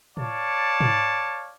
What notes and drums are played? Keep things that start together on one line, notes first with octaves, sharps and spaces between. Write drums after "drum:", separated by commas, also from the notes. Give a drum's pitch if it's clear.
C#5 D5 F5 A5, drum: tom A2
drum: tom G#2